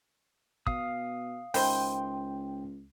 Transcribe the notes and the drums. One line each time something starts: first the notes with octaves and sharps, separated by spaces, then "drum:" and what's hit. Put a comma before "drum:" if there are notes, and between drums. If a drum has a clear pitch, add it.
B2 F5 D#6, drum: kick
C#2 D#3 E4 C5 G5, drum: open hi-hat